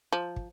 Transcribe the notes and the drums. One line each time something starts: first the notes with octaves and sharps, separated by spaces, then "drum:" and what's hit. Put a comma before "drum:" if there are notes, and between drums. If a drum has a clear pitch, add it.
F3
drum: kick